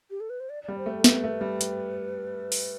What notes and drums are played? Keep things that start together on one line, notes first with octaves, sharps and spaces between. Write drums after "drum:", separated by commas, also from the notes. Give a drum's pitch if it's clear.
G4
A4
B4
C5
D5
D5
G3
C5
A3
A4
A3 B4, drum: snare
A3
G3
drum: hi-hat
drum: open hi-hat